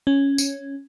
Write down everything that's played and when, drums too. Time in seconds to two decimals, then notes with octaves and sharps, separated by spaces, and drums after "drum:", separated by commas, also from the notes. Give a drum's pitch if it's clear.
0.07 C#4
0.38 drum: tambourine